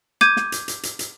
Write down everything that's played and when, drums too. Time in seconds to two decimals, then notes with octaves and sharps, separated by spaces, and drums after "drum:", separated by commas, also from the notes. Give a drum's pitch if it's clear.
0.21 D6 G6 G#6 D#7, drum: snare
0.37 drum: snare
0.52 drum: hi-hat
0.68 drum: hi-hat
0.83 drum: hi-hat
0.99 drum: hi-hat